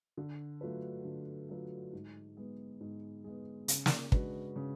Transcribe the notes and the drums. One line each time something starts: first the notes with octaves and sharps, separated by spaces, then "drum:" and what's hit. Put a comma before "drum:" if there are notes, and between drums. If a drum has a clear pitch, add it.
D3
F#3 A3 F4 B4
D3
F#3 A3 F4 B4
G#2
G#3 B3
G#2
G#3 B3
C#3, drum: hi-hat
drum: snare
G#3 D4 F#4 B4, drum: kick
C#3